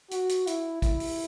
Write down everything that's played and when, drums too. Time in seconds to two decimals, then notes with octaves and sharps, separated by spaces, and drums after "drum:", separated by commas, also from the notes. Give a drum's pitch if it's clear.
0.11 F#4, drum: hi-hat
0.29 drum: hi-hat
0.47 E4, drum: hi-hat
0.82 E4, drum: kick, hi-hat
1.00 drum: open hi-hat